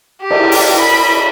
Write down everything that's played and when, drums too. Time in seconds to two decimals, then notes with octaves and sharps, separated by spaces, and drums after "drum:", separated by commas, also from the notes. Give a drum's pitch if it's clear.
0.21 G4
0.31 drum: cymbal
0.52 drum: open hi-hat
0.79 B5